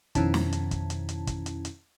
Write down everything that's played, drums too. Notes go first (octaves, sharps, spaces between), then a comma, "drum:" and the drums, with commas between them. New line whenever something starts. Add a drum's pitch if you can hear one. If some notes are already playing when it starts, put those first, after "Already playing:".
F2 B2 D#3 C#4 E4 A5, drum: kick, hi-hat
drum: snare
drum: hi-hat
drum: kick, hi-hat
drum: hi-hat
drum: hi-hat
drum: kick, hi-hat
drum: hi-hat
drum: hi-hat